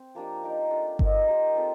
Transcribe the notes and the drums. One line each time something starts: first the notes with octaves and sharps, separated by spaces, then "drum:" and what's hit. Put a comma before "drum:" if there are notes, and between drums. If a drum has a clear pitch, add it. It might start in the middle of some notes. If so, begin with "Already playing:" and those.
Already playing: C4
F3 A#3 D4 G4
D#4 G4 A#4
A3 D4 F4
D#4 A#4 D#5, drum: kick G1
A#3 D#4 G4 C5
C4 F4 A4